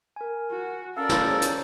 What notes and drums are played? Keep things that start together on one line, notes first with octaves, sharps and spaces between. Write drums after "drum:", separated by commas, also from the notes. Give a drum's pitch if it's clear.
A#4 G#5
F#4
C#4 A4 A#4 D5 F5 F6
drum: snare
G#4 C5 C#5
drum: hi-hat